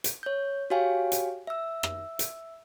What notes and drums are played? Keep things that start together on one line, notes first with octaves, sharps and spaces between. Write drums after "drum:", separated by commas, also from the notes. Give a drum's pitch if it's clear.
drum: hi-hat
C#5 G6
F#4 G4 C#5 F5 G5 G#5
drum: hi-hat
E5 E6
drum: rim click
drum: hi-hat